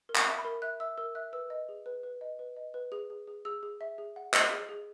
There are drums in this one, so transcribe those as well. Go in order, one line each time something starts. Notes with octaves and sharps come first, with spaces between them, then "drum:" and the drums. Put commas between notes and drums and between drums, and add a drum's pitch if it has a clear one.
A#4
B5, drum: clap
E5
B5
A#4
E5 F#6
E5 E6
A#4 E6
E5 F#6
B4 E6
D#5
G#4
B4
B4
D#5
B4
D#5
B4
G#4
G#4
G#4
G#4 E6
G#4
E5
G#4
F#5
D#5, drum: clap
G#4
G#4